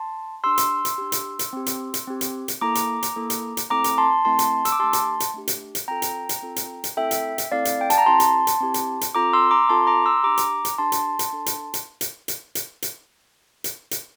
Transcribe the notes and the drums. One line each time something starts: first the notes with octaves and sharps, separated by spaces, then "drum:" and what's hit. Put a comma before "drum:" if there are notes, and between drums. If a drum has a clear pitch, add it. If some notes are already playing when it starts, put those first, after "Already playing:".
Already playing: A5 C6
D4 G4 C6 E6
drum: hi-hat
drum: hi-hat
D4 G4
drum: hi-hat
drum: hi-hat
C4 G4
drum: hi-hat
drum: hi-hat
C4 G4
drum: hi-hat
drum: hi-hat
A#3 E4 A4 A#5 D6
drum: hi-hat
drum: hi-hat
A#3 E4 A4
drum: hi-hat
drum: hi-hat
A3 C4 E4 A4 A#5 D6
drum: hi-hat
A5 C6
A3 C4 E4 A4 A5 C6
drum: hi-hat
E6, drum: hi-hat
D6
A3 D4 G4 A5 C6
drum: hi-hat
drum: hi-hat
A3 D4 G4
drum: hi-hat
drum: hi-hat
C4 F4 A4 G5 A#5
drum: hi-hat
drum: hi-hat
C4 F4 A4
drum: hi-hat
drum: hi-hat
A3 C4 E4 A4 E5 G5
drum: hi-hat
drum: hi-hat
A3 C4 E4 A4 D5 F5
drum: hi-hat
G5
A5, drum: hi-hat
A#5
C4 E4 G4 A5 C6
drum: hi-hat
drum: hi-hat
C4 E4 G4
drum: hi-hat
drum: hi-hat
C4 F4 A4 A#5 D6
C6 E6
A#5 D6
C4 F4 A4 A5 C6
A#5 D6
C6 E6
D4 G4 A#5 D6
drum: hi-hat
drum: hi-hat
D4 G4 A5 C6
drum: hi-hat
drum: hi-hat
D4 A4
drum: hi-hat
drum: hi-hat
drum: hi-hat
drum: hi-hat
drum: hi-hat
drum: hi-hat
drum: hi-hat
drum: hi-hat